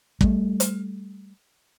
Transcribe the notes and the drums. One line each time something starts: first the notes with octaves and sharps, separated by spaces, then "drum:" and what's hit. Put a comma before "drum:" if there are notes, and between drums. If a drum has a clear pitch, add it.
G3 A3, drum: kick
drum: hi-hat